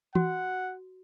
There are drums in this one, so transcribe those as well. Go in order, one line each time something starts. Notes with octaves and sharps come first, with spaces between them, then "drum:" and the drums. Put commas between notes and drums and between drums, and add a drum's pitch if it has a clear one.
F#4 F#5, drum: tom E3